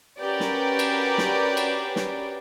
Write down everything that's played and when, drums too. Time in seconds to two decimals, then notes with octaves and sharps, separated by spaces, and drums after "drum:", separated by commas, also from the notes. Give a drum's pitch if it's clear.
0.21 C#4 F#4 G4 A#4 B4 D5
0.40 drum: snare
0.79 drum: cymbal
1.18 drum: snare
1.57 drum: cymbal
1.96 drum: snare